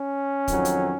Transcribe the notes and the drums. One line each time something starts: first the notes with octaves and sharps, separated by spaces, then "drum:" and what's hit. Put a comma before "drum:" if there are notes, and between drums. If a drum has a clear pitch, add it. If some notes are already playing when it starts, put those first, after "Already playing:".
Already playing: C#4
F2 D#3 F#3, drum: kick, hi-hat
drum: hi-hat